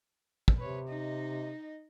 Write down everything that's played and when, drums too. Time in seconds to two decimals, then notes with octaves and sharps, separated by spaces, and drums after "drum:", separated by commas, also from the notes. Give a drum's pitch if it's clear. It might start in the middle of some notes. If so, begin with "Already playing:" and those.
0.48 drum: kick
0.58 C3 B4 C#5
0.88 D#4 D#5